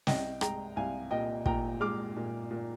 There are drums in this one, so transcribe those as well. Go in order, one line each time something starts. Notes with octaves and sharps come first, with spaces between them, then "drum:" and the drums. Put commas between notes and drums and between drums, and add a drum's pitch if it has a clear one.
C2 D#5 G5, drum: snare
G#3 G5 A#5, drum: rim click
C2 F5 G#5
A#2 D#5 G5
A#2 G5 A#5, drum: kick
G#3 D6 F6
A#2
A#2